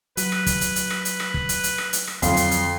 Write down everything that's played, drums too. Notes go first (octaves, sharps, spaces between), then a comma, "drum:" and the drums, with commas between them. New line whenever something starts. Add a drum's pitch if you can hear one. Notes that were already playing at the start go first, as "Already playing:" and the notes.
F#3 B4, drum: hi-hat
drum: rim click
drum: kick, hi-hat
drum: hi-hat
drum: hi-hat
drum: rim click
drum: hi-hat
drum: rim click
drum: kick
drum: hi-hat
drum: hi-hat
drum: rim click
drum: hi-hat
drum: rim click
F2 D3 F#3 C4 F5 C6, drum: kick, hi-hat
drum: hi-hat
drum: hi-hat